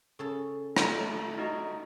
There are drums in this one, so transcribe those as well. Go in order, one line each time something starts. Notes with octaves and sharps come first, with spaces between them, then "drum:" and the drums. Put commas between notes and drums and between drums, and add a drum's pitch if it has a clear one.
C#3 A4 A5
A3, drum: rim click
D#4 F#4 D#5